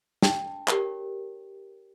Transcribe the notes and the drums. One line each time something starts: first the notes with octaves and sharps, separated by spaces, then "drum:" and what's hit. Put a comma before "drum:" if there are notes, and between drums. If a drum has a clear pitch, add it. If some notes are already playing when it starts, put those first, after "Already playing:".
D4 G5 A5, drum: snare
G4 A#4 C#5, drum: clap